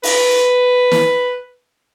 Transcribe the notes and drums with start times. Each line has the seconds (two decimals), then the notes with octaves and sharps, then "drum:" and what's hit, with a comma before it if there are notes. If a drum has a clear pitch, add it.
0.03 B4, drum: open hi-hat
0.91 drum: snare